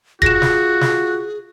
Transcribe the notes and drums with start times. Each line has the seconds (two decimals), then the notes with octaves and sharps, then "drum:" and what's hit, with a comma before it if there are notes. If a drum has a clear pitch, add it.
0.22 F4 F#4 G#4 A#6 E7, drum: kick E1
0.42 drum: snare
0.81 drum: snare